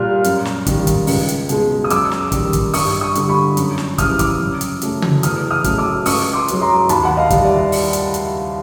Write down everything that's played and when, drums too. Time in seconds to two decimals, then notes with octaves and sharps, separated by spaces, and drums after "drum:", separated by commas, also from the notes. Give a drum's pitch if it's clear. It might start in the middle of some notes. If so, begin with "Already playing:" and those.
Already playing: A#2 G3 F6 F#6
0.24 F#2, drum: hi-hat
0.45 drum: snare
0.66 D#3 G3, drum: kick, hi-hat
0.87 drum: kick, hi-hat
1.07 C#2, drum: open hi-hat
1.28 drum: hi-hat
1.49 B2 G#3, drum: hi-hat
1.84 D#6
1.90 F#2 D6 E6, drum: hi-hat
2.12 drum: snare
2.32 D#3 G3, drum: kick, hi-hat
2.53 drum: kick, hi-hat
2.74 G2 C#6 D#6, drum: open hi-hat
3.01 C#6 D#6
3.15 D3 G3, drum: hi-hat
3.29 B5 C#6
3.57 F#2, drum: hi-hat
3.78 drum: snare
3.98 C#3 E3 G3 D#6 F6, drum: kick, hi-hat
4.19 D6 E6, drum: kick, hi-hat
4.39 F#2
4.61 drum: hi-hat
4.82 C#3 F#3 A3, drum: hi-hat
5.02 drum: tom C#3
5.23 E2 D#6 F6, drum: hi-hat
5.51 D#6 F6
5.64 C#3 F#3 A3, drum: kick, hi-hat
5.78 D6 E6
6.06 C#2 C#6 D#6, drum: open hi-hat
6.33 C6 D6
6.48 C#3 F#3, drum: hi-hat
6.61 A#5 C6
6.89 D#2 A5 B5, drum: hi-hat
7.05 F#5
7.17 D#5 F5
7.30 D#3 G3, drum: kick, hi-hat
7.44 D5 E5
7.72 drum: open hi-hat
7.93 drum: hi-hat
8.14 drum: hi-hat